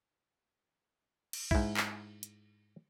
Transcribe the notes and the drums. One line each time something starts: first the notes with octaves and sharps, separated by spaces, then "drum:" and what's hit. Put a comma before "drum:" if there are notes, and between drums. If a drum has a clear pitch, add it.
drum: cymbal
G#2 E4, drum: kick B1
drum: clap
drum: hi-hat